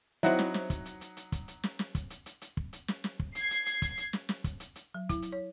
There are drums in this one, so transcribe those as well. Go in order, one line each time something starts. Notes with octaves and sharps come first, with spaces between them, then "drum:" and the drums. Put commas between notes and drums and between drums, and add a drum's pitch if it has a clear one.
F#3 C4 D#4 E4 F#5, drum: hi-hat
drum: snare
drum: snare
drum: kick, hi-hat
drum: hi-hat
drum: hi-hat
drum: hi-hat
drum: kick, hi-hat
drum: hi-hat
drum: snare
drum: snare
drum: kick, hi-hat
drum: hi-hat
drum: hi-hat
drum: hi-hat
drum: kick
drum: hi-hat
drum: snare
drum: snare
drum: kick
G#6 C7, drum: hi-hat
drum: hi-hat
drum: hi-hat
drum: kick, hi-hat
drum: hi-hat
drum: snare
drum: snare
drum: kick, hi-hat
drum: hi-hat
drum: hi-hat
F#3
E4, drum: kick, hi-hat
drum: hi-hat
C#5